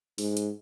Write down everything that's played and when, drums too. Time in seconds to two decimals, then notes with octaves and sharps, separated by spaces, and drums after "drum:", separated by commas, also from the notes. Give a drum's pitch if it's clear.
0.18 G#2, drum: open hi-hat
0.37 drum: hi-hat